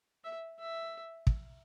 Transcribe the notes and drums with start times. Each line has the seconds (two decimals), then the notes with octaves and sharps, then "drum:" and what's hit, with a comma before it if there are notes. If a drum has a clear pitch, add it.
0.24 E5
0.59 E5
1.27 drum: kick